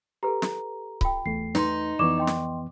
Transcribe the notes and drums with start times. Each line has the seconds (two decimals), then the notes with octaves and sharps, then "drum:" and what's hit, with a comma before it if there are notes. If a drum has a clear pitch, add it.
0.23 G4 A4 B4 A#5
0.42 drum: snare
1.01 F4 G5, drum: kick C#1
1.26 E2 A3 C7
1.55 D#4 B4 C6, drum: snare
1.99 F2 E3 B3 D5 C#6 D6 E7
2.18 D#5 G5 C6
2.27 drum: snare